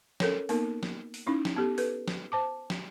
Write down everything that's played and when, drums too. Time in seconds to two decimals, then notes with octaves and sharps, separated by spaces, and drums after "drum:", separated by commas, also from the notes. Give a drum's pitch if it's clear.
0.20 C#4 A4 A#4 C#5, drum: snare
0.49 A#3 B3 D#4 A#4, drum: open hi-hat
0.83 drum: snare
1.14 drum: open hi-hat
1.27 C#4 D#4 E4
1.45 drum: snare
1.56 B3 G4 A4
1.78 A4 B4, drum: open hi-hat
2.08 drum: snare
2.32 C5 A5 D6
2.70 drum: snare